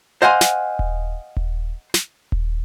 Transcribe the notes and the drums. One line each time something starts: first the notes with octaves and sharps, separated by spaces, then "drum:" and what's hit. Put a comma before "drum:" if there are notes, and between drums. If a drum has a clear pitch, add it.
C5 D#5 F5 F#5 G#5 C6
drum: snare
drum: kick D#1
drum: kick D#1
drum: snare
drum: kick D#1